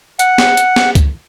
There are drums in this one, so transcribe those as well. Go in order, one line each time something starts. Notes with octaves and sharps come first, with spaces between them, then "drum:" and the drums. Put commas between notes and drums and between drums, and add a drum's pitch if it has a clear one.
F#5, drum: hi-hat
drum: snare
drum: hi-hat
drum: snare
drum: kick C#2, hi-hat